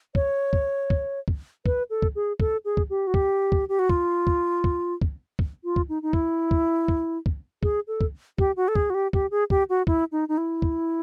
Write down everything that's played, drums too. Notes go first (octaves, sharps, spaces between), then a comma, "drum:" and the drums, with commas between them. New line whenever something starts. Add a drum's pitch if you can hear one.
C#5, drum: kick
drum: kick
drum: kick
drum: kick
B4, drum: kick
A4
drum: kick
G#4
A4, drum: kick
G#4
drum: kick
G4
F#4
G4, drum: kick
drum: kick
G4
F#4
F4, drum: kick
drum: kick
drum: kick
drum: kick
drum: kick
F4
drum: kick
D#4
D#4
E4, drum: kick
drum: kick
drum: kick
drum: kick
G#4, drum: kick
A4
drum: kick
G4, drum: kick
F#4
A4
G#4, drum: kick
F#4
G4
G4, drum: kick
G#4
G4, drum: kick
F#4
E4, drum: kick
D#4
D#4
E4
drum: kick